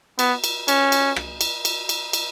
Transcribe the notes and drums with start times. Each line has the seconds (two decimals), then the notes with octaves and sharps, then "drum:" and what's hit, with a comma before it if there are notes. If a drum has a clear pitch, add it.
0.19 B3, drum: cymbal
0.44 drum: cymbal
0.68 C#4, drum: cymbal
0.92 drum: cymbal
1.16 drum: rim click
1.41 drum: cymbal
1.65 drum: cymbal
1.89 drum: cymbal
2.13 drum: cymbal